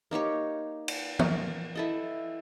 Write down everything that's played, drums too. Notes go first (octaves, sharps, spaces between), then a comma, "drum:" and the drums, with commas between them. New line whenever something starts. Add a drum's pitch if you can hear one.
A#3 D#4 G4 C#5
drum: cymbal
A#4, drum: tom E3
E4 A4 D#5